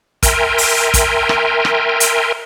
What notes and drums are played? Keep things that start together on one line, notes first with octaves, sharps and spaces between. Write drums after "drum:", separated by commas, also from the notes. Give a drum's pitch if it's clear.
A#4 E5 G5 G#5 A#5 C6, drum: kick, hi-hat
drum: open hi-hat
drum: kick, hi-hat
drum: rim click
drum: rim click
drum: hi-hat